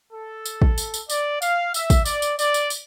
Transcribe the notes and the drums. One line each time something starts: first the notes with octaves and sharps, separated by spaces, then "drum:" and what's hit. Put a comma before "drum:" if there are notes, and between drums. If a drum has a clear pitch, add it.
A4
drum: tambourine
drum: kick
drum: tambourine
drum: tambourine
D5, drum: tambourine
F5, drum: tambourine
E5, drum: tambourine
drum: kick, tambourine
D5, drum: tambourine
drum: tambourine
D5, drum: tambourine
drum: tambourine
drum: tambourine